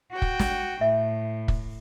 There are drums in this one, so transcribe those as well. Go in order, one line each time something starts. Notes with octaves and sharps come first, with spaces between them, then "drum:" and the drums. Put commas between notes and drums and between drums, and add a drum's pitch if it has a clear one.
F#4 G5
drum: kick
drum: snare
A2 E5
drum: kick